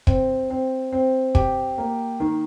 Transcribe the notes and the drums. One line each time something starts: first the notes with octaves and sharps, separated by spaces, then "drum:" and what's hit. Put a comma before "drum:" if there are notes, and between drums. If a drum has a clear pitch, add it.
C4, drum: kick
C4
C4
G4, drum: kick
A#3
D#3